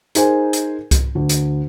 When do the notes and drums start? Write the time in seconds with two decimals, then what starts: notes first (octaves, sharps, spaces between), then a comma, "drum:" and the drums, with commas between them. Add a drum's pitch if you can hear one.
0.15 D#4 G#4 A#4 C5 G#5, drum: hi-hat
0.53 drum: hi-hat
0.91 drum: kick C2, hi-hat
1.15 D2
1.29 drum: hi-hat